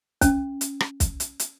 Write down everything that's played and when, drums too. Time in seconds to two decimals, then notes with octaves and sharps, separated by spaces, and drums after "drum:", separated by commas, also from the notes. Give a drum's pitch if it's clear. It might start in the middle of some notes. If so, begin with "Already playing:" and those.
0.21 C#4, drum: kick, hi-hat
0.61 drum: hi-hat
0.80 drum: rim click
1.00 drum: kick, hi-hat
1.20 drum: hi-hat
1.40 drum: hi-hat